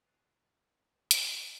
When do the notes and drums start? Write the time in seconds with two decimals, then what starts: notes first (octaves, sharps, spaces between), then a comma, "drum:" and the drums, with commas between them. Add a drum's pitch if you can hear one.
0.04 F#6 A6 C7 D7 D#7 F7
1.11 drum: hi-hat